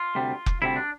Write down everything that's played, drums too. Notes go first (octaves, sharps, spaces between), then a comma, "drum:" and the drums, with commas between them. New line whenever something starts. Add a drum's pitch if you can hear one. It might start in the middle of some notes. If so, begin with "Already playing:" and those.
Already playing: F4
D2 C3 G3
drum: kick F1
D2 C3 G3 E4
D4